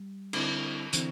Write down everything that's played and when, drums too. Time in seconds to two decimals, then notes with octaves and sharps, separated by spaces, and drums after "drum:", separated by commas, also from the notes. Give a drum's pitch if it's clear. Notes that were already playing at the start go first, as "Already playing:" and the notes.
Already playing: G3
0.33 D3 C4 E4, drum: cymbal
0.93 D3 E3 C4 E4, drum: hi-hat